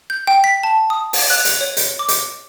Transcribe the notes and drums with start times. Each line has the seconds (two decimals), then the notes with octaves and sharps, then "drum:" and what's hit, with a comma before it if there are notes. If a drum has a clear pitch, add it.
0.10 G6
0.27 G5
0.44 B6
0.63 A5
0.90 D#6
1.13 drum: open hi-hat
1.30 F#6
1.45 drum: hi-hat
1.61 C#5
1.77 drum: hi-hat
1.99 D6
2.08 drum: hi-hat